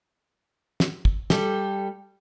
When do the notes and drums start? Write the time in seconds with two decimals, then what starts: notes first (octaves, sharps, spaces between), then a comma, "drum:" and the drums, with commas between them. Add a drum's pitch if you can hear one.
0.80 drum: snare
1.05 drum: kick
1.30 G3 G4 A4, drum: snare